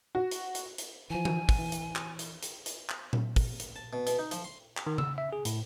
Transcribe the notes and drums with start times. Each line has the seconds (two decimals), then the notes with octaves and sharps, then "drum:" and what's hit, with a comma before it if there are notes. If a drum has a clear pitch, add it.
0.15 F#4
0.31 drum: hi-hat
0.55 drum: hi-hat
0.78 drum: hi-hat
1.10 E3 F3 G#5
1.25 drum: tom E3
1.49 drum: kick, open hi-hat
1.59 E3
1.72 drum: hi-hat
1.96 drum: clap
2.19 drum: hi-hat
2.43 drum: hi-hat
2.66 drum: hi-hat
2.89 drum: clap
3.13 drum: tom A#2
3.36 drum: kick, open hi-hat
3.60 drum: hi-hat
3.76 A5
3.93 B2
4.07 B2, drum: hi-hat
4.19 D#4
4.31 F3, drum: hi-hat
4.44 C6
4.77 drum: clap
4.87 D#3
4.98 E6, drum: tom C#3
5.18 E5
5.33 G#4
5.45 A2, drum: hi-hat